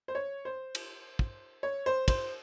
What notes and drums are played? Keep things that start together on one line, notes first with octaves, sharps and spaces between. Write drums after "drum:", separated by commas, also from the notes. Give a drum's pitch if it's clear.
C5
C#5
C5
drum: cymbal
drum: kick
C#5
C5
C5, drum: kick, cymbal